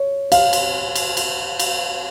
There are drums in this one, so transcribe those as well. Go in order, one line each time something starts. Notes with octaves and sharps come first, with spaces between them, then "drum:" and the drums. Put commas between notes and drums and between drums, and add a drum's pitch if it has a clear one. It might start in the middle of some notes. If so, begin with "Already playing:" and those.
Already playing: C#5
F5, drum: cymbal
drum: cymbal
drum: cymbal
drum: cymbal
drum: cymbal